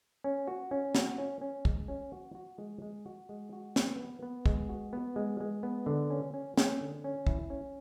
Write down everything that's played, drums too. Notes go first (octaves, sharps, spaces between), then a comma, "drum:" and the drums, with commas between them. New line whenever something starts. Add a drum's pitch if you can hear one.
C#4
F#4
C#4
F#4, drum: snare
C#4
C#4
G#3, drum: kick
C#4
F#4
F#4
G#3
G#3
F#4
G#3
F#4
B3, drum: snare
B3
B3
G#3, drum: kick
F#4
B3
G#3
G#3
B3
D3
C#4
C#4
C#4, drum: snare
D3
C#4
E4, drum: kick
C#4